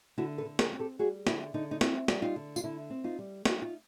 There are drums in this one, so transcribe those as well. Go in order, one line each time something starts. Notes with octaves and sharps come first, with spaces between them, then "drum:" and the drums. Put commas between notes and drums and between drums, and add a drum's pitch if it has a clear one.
D3 E4 F#4
A4 B4
D3
G#4 A#4, drum: snare
C4
G4 A4
G3 F#4 G#4
D3 E4, drum: snare
D3 D#4
D#4
C4 E4, drum: snare
G3, drum: snare
D#4 F4
D3
F4, drum: tambourine
D3 E4
C4
D#4 F4
G3
D#4 E4 F#4, drum: snare
F4